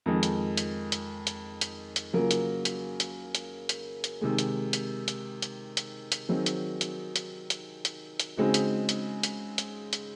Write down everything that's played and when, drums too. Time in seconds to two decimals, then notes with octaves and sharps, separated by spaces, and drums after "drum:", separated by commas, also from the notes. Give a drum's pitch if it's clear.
0.06 F2 D#3 G#3 D#4
0.23 drum: hi-hat
0.57 drum: hi-hat
0.92 drum: hi-hat
1.27 drum: hi-hat
1.61 drum: hi-hat
1.96 drum: hi-hat
2.13 C#3 F#3 A#3 F4 A#4
2.31 drum: hi-hat
2.65 drum: hi-hat
3.00 drum: hi-hat
3.35 drum: hi-hat
3.69 drum: hi-hat
4.04 drum: hi-hat
4.21 C3 D#3 G#3
4.38 drum: hi-hat
4.73 drum: hi-hat
5.08 drum: hi-hat
5.42 drum: hi-hat
5.77 drum: hi-hat
6.12 drum: hi-hat
6.29 D#3 F#3 C4 D#4 G#4
6.46 drum: hi-hat
6.81 drum: hi-hat
7.16 drum: hi-hat
7.50 drum: hi-hat
7.85 drum: hi-hat
8.20 drum: hi-hat
8.37 C#3 G#3 C4 D#4 F#4
8.54 drum: hi-hat
8.89 drum: hi-hat
9.23 drum: hi-hat
9.58 drum: hi-hat
9.93 drum: hi-hat